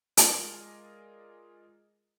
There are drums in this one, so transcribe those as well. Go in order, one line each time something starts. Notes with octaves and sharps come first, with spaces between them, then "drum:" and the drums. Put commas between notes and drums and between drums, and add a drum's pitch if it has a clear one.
G#3 F4 G#4 A#4 D5 D#5, drum: hi-hat